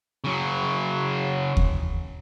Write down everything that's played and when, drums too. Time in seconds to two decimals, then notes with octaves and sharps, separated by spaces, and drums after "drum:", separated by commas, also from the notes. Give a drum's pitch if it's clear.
0.24 C#3 F#3
1.57 drum: kick D#2